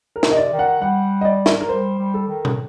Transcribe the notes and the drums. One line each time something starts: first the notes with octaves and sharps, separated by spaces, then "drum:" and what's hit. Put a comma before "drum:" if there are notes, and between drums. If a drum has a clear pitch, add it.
A#4
C3, drum: snare
D#5
D5
D#3
F#5
G3 F#5
D#5
D5
drum: snare
A#4
G3 C5
G3
A4
D#3
drum: tom B2